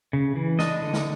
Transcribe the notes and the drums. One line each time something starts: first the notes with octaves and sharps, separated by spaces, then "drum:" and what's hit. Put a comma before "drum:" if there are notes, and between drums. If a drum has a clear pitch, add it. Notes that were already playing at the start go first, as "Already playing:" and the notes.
C#3
E3
D4 D#5, drum: snare
D3
drum: snare